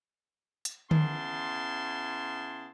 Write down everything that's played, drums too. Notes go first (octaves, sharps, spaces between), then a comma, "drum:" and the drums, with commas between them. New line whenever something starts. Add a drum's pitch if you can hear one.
drum: hi-hat
C#3 B3 E4 A5 C6, drum: tom D3